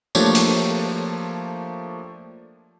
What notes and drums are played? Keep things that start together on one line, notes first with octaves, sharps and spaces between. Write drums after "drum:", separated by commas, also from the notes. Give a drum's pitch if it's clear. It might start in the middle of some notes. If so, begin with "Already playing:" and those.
F3 A3 A#3 D4 G4 C#5, drum: tambourine
drum: hi-hat